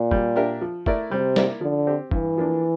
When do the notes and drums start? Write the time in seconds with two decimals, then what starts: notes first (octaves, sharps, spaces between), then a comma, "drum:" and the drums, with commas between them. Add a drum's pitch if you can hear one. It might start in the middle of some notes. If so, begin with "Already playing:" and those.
Already playing: A#2
0.11 G3, drum: kick
0.36 D4 G4 A#4 E5
0.61 F3
0.86 A3 E4 A#4 D5, drum: kick
1.11 C3 G3
1.36 A#3 E4 A#4 D5, drum: snare
1.61 D3 F3
1.87 C4 G4
2.11 G2 E3, drum: kick
2.37 F3 A#3 D4